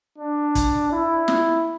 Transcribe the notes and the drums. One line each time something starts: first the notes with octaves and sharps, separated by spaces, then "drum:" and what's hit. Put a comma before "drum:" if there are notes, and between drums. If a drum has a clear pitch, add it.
D4
drum: kick, hi-hat
E4
drum: snare